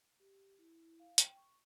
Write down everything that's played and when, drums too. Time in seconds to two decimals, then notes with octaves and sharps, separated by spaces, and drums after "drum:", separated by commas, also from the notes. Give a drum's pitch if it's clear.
0.20 G4
0.58 E4
0.83 E4
1.00 F5
1.18 G5, drum: hi-hat
1.37 C#6